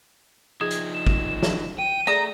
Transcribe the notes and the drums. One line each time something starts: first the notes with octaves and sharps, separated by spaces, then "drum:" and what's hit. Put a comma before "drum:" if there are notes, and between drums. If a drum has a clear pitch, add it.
F3 D#4 G#4 G#6
drum: hi-hat
E7
drum: kick
drum: snare
G5 D#7
A3 G#4 A4 D5 A#5